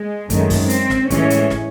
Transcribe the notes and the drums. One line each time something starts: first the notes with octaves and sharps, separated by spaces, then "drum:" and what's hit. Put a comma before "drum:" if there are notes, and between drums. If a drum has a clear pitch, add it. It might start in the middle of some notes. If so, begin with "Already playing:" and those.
Already playing: G#3
F#2 D#3 G#3 A3, drum: kick, hi-hat
drum: kick, open hi-hat
C4, drum: hi-hat
drum: snare
A2 E3 G#3 C#4, drum: kick, hi-hat
drum: hi-hat
drum: snare